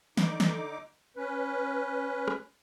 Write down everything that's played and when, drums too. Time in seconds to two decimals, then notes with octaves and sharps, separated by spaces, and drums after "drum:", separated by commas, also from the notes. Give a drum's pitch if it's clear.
0.17 D3 D#4 D6, drum: snare
0.40 drum: snare
1.17 C#4 B4
2.28 drum: rim click